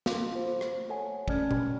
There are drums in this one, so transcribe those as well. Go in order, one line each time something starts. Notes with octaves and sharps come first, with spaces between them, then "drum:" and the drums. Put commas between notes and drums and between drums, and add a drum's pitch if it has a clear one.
A4 F5 C6 D6, drum: snare
F4 C5
drum: rim click
A3
A4 C#5 F#5 G#5
A3 C#4 D5 A5 F6 G#6, drum: kick
G5, drum: tom A#2